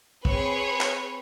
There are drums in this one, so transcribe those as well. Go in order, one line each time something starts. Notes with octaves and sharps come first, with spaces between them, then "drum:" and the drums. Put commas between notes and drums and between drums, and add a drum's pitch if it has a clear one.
C4 G#4 B4 C#5, drum: kick
drum: clap